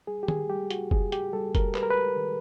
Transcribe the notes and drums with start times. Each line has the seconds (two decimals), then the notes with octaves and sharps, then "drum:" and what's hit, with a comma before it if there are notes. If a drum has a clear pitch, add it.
0.07 G3 G#4
0.23 G4
0.28 G#4, drum: tom D#3
0.49 G3 G4
0.71 F#4, drum: hi-hat
0.91 G#2 G#4, drum: kick
1.12 G4, drum: hi-hat
1.33 G3 A4
1.55 A#4, drum: kick, hi-hat
1.75 G3 B4, drum: clap
1.83 A#4
1.90 B4
2.16 D#3